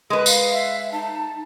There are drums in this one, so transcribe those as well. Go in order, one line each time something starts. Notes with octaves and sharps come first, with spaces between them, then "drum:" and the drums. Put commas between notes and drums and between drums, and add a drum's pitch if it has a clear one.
G#3 A#4 B4
F5, drum: tambourine
E5
D#4 A5